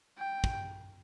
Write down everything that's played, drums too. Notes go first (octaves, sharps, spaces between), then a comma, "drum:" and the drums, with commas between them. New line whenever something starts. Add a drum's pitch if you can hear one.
G5
drum: kick